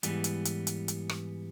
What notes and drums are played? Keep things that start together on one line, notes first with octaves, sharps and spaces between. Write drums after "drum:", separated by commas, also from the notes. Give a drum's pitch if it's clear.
G#2 E3 G3 B3, drum: hi-hat
drum: hi-hat
drum: hi-hat
drum: hi-hat
drum: hi-hat
drum: rim click